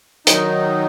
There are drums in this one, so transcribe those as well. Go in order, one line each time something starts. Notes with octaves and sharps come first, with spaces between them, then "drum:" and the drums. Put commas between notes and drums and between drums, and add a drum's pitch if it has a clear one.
D#3 F#3 D#4, drum: hi-hat